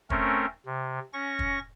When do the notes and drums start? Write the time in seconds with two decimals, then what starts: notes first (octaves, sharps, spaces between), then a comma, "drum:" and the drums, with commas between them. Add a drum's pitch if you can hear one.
0.10 A3 C4 C#4 A#4, drum: kick
0.66 C3
1.13 C#4 C#6 A#6
1.39 drum: kick